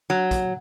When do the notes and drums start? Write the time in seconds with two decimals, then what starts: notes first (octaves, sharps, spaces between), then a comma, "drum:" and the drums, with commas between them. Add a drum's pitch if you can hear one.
0.10 F#3
0.31 drum: kick, hi-hat